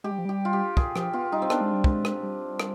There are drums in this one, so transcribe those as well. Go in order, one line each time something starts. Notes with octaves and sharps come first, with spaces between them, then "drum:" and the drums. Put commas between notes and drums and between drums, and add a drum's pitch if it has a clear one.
G#3 G4
G3
F3
G3 G4
F4
G4
G#4, drum: kick
F3 G4, drum: rim click
B3 F4
G3 D#4
C4
B3 D4, drum: rim click
G#3
G3
G#3, drum: kick
drum: rim click
G3
drum: rim click